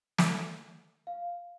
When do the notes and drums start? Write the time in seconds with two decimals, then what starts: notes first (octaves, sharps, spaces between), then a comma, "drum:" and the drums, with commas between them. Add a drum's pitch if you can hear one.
0.18 E5, drum: snare
1.07 F5